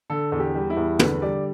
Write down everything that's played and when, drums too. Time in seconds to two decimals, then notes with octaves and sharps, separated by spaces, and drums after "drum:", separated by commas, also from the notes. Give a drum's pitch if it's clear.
0.10 D3 A4
0.32 E2 A4
0.40 G4
0.55 G3
0.70 E4
0.77 E2
0.99 D3 B4, drum: tom
1.22 G3 D5